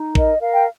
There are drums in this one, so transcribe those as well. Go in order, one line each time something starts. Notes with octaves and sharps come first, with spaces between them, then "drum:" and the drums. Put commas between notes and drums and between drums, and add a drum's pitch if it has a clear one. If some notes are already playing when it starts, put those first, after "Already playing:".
Already playing: D#4
A#4 D#5, drum: kick A1
A#4 F5
G5